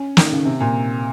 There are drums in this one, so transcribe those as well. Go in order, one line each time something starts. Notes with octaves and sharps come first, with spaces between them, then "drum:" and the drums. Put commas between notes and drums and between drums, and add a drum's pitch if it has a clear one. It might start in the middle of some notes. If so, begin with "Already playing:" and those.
Already playing: C#4
D#3, drum: snare
C#3
C3
A#2